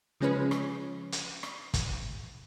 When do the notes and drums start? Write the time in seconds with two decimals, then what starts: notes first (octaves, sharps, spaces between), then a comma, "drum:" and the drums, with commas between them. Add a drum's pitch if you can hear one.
0.20 C#3 F3 G#3 C#4 G#4 B4
0.51 drum: rim click
1.12 drum: hi-hat
1.43 drum: rim click
1.74 drum: kick, hi-hat